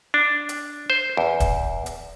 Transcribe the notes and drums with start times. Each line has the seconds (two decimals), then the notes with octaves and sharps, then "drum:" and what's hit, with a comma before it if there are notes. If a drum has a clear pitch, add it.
0.14 D4
0.49 drum: hi-hat
0.90 C5
1.17 E2
1.40 drum: kick, hi-hat
1.86 drum: hi-hat